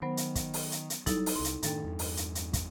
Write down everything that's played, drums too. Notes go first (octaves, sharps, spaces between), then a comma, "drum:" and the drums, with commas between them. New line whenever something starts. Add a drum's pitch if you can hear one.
D#3 F#3 B3 C5
drum: hi-hat
drum: kick, hi-hat
drum: open hi-hat
drum: hi-hat
drum: hi-hat
F#3 G3 D#4 E4 A4, drum: kick, hi-hat
drum: open hi-hat
E1 C2 C6
drum: hi-hat
F#2 A2 D#3 D4 A4 G5, drum: hi-hat
E2 G2
drum: open hi-hat
drum: hi-hat
drum: hi-hat
drum: kick, hi-hat